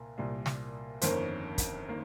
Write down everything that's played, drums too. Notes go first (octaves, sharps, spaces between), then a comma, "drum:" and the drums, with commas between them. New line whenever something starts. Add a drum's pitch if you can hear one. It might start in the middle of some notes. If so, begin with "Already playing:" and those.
Already playing: C2 A#2 A#3
C2 A#2 G3 A#3
drum: snare
G1 F2 D#3 A#3 C#4 C5, drum: hi-hat
drum: kick, hi-hat
D#3 A#3